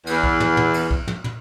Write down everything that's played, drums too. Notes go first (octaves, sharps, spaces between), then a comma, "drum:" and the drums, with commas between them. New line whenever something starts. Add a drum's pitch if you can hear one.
E2, drum: cymbal
drum: kick
drum: tom
drum: tom
drum: cymbal
drum: kick
drum: tom
drum: tom